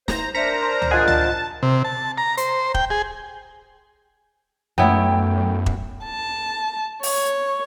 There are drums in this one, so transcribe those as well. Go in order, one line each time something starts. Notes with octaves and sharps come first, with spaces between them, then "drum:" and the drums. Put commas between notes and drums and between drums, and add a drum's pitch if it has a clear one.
C5 A#5, drum: snare
D4 A#4 C5 E5 A#5 B6 C#7
C6
drum: tom C#2
F4 G#4 D#5 F#5 F#6 A6
A5, drum: tom C#2
C3
A5
A#5
C5, drum: hi-hat
G5, drum: kick E1
G#4
F#2 A3 B3 E4 C#5 G5
drum: kick E1
A5
C#5, drum: open hi-hat